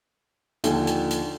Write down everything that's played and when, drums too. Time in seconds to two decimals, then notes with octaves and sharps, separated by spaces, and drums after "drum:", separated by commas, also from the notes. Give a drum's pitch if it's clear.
0.64 D#2 D3 F3 G5 G#5, drum: hi-hat
0.87 drum: hi-hat
1.11 drum: hi-hat